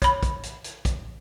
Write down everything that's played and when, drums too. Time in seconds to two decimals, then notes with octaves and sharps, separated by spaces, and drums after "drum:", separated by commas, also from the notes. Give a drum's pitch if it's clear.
0.02 C#5 B5, drum: kick, hi-hat
0.23 drum: kick, hi-hat
0.43 drum: hi-hat
0.64 drum: hi-hat
0.85 drum: kick, hi-hat